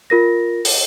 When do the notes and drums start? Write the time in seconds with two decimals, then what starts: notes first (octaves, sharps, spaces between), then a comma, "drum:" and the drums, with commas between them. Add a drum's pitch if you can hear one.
0.10 F4 A#4 A#6
0.65 drum: open hi-hat